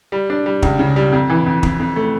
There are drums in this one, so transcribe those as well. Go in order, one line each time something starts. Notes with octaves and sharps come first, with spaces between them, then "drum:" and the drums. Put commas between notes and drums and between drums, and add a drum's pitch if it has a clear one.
G3
D4
G3
C#2, drum: kick
C#3
G3
F2
E3
F2
F2, drum: kick
F2
A3